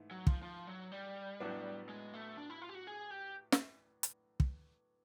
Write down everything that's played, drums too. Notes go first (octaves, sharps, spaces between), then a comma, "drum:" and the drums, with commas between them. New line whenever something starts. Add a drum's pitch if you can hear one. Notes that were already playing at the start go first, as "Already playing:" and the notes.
Already playing: G#2 E3 A3
F#3
F3, drum: kick
F3
F#3
G3
A2 F#3 B3 D4 F#4
G#3
A3
D4
E4
F4
G4
F#4
G#4
G4
drum: snare
drum: hi-hat
drum: kick